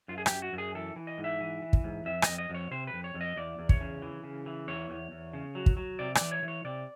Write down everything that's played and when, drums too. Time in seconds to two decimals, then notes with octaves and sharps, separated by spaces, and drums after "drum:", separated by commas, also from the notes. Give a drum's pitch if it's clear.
0.08 F#2 F4
0.18 G#4
0.26 G4, drum: rim click
0.31 F#2
0.42 F#4
0.53 F#2
0.58 G#4
0.75 E3 A4
0.96 E3
1.07 D#5
1.18 G#2
1.24 E5
1.41 E3
1.62 E3
1.73 drum: kick
1.84 G#2
2.05 F2 E5
2.22 D#5, drum: rim click
2.27 F2
2.38 D#5
2.50 F2 C#5
2.71 C3 C5
2.87 B4
2.93 F2
3.04 C#5
3.14 F2
3.21 D#5
3.36 E2 D5
3.59 E2
3.69 C#5, drum: kick
3.81 C#3
4.02 E3
4.24 C#3
4.46 E3
4.67 E2 C#5
4.90 E2
5.11 E2
5.33 C#3
5.55 F#3
5.66 drum: kick
5.77 F#3
5.99 C3 D5
6.15 D5, drum: rim click
6.21 E3
6.31 C#5
6.43 E3
6.48 C#5
6.65 C3 D5